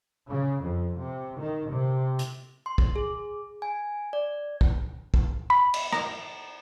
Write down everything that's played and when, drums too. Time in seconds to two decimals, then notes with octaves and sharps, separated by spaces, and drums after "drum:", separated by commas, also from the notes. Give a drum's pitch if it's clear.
0.29 C#3
0.62 F2
0.97 C3
1.39 D#3
1.69 C3
2.19 drum: hi-hat
2.66 C6
2.78 drum: kick
2.96 G#4
3.62 G#5
4.13 D5
4.61 drum: kick
5.14 drum: kick
5.50 B5
5.74 drum: cymbal
5.93 A#5, drum: rim click